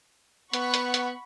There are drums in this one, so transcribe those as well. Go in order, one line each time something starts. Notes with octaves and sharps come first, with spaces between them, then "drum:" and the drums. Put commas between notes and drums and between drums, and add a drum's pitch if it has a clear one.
B3 F#5 B5 C#6, drum: hi-hat
drum: hi-hat
drum: hi-hat